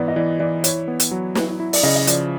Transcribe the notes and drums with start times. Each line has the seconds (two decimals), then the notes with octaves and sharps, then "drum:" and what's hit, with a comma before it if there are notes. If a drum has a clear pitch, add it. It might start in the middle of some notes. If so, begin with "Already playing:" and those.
Already playing: G#2 E3 B3 D5
0.08 D#5
0.16 E3 D5
0.39 E3 D5
0.64 E4 C#5, drum: hi-hat
0.88 B3
1.00 drum: hi-hat
1.11 F#3
1.35 E4, drum: snare
1.60 E4
1.73 D5, drum: open hi-hat
1.83 C#3 D#5
1.96 D#5
2.07 F3 D5, drum: hi-hat